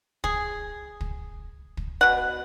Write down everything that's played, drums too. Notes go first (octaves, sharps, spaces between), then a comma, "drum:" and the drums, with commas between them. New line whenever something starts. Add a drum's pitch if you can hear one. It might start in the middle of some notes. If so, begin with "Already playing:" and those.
G#4, drum: kick
drum: kick
drum: kick
B2 F#5